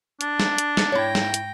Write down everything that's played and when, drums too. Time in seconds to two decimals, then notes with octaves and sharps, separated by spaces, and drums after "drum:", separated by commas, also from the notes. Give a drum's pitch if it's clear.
0.21 D4, drum: hi-hat
0.40 drum: snare
0.58 drum: hi-hat
0.77 drum: snare
0.92 G#2 E4 C#5 G5 A#6
1.15 drum: snare
1.34 drum: hi-hat